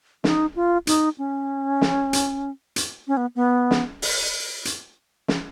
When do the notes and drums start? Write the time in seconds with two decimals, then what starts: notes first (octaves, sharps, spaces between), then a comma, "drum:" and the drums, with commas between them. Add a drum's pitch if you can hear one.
0.24 D#4, drum: snare
0.56 F4
0.87 D#4, drum: hi-hat
1.18 C#4
1.81 drum: snare
2.13 drum: hi-hat
2.76 drum: hi-hat
3.07 C#4
3.17 B3
3.35 B3
3.71 drum: snare
4.02 drum: open hi-hat
4.65 drum: hi-hat
5.28 drum: snare